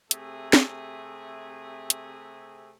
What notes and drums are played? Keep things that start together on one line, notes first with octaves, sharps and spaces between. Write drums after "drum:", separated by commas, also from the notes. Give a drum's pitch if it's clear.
C3 A3 G#4, drum: hi-hat
drum: snare
drum: hi-hat